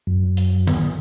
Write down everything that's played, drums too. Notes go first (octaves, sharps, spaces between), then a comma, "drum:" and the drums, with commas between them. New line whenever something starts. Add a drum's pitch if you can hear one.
F#2
drum: hi-hat
drum: tom D#3